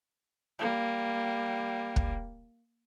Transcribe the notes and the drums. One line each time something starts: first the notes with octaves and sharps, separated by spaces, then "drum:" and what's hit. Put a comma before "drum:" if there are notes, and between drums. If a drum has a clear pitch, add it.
G3 A#3
drum: kick